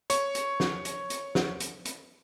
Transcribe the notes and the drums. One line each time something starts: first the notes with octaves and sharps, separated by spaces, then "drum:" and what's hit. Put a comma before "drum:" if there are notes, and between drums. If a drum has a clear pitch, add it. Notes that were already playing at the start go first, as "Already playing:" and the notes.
C#5 C#6, drum: hi-hat
drum: hi-hat
drum: snare
drum: hi-hat
drum: hi-hat
drum: snare
drum: hi-hat
drum: hi-hat